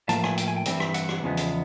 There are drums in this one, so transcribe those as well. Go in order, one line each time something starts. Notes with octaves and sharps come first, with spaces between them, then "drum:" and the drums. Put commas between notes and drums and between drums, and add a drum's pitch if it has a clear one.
A2 F3 A#3 A5, drum: hi-hat
G#5, drum: rim click
G5, drum: hi-hat
G#5
G5
G2 E3 G3 C4, drum: hi-hat
drum: rim click
F#5, drum: hi-hat
drum: rim click
E2 C#3 F3 G#3 B3
drum: hi-hat